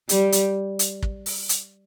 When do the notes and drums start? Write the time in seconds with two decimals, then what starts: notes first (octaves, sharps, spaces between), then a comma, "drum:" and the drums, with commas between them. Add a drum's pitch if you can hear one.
0.09 G3, drum: hi-hat
0.32 drum: hi-hat
0.79 drum: hi-hat
1.02 drum: kick
1.26 drum: open hi-hat
1.49 drum: hi-hat